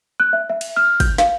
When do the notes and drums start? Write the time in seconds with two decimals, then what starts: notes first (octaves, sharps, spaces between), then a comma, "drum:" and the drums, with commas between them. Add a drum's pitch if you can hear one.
0.20 F#6
0.33 E5
0.50 E5
0.61 drum: cymbal
0.76 F6
1.00 G6, drum: kick, cymbal
1.18 F5, drum: snare